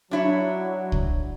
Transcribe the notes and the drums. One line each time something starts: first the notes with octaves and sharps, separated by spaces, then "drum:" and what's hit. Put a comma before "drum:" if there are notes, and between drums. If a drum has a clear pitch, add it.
F#3 D4 E4 C#5
drum: kick C2